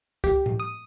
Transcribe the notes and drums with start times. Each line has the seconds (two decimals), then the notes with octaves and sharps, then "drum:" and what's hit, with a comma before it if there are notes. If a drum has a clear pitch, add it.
0.24 G4, drum: kick, tambourine
0.46 drum: tom A2
0.60 D#6